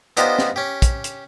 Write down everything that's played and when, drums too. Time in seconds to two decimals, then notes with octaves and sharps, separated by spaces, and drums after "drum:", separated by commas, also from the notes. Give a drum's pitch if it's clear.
0.17 B3 D4 D#4 F4 G4 C5, drum: hi-hat
0.39 drum: snare
0.56 C#4 G4
0.82 drum: kick, hi-hat
1.04 drum: hi-hat